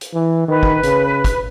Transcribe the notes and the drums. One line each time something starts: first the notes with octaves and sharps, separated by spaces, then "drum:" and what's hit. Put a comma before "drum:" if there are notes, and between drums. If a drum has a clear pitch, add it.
drum: hi-hat
E3
D#3 B4
drum: kick
C#3, drum: hi-hat
drum: kick, hi-hat